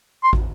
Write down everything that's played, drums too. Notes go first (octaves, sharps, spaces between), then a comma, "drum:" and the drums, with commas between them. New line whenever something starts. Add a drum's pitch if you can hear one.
C6
drum: kick